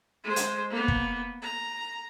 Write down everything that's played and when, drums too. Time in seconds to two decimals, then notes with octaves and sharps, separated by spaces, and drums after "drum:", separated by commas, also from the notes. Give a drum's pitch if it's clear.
0.24 G#3 C5
0.36 drum: hi-hat
0.71 A#3 B3
0.88 drum: kick
1.42 A#5